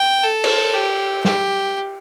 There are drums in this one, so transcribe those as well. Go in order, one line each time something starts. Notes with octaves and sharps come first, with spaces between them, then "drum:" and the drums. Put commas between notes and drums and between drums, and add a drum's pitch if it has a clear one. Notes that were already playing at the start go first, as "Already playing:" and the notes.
Already playing: G5
A4
drum: cymbal
G4
G4, drum: snare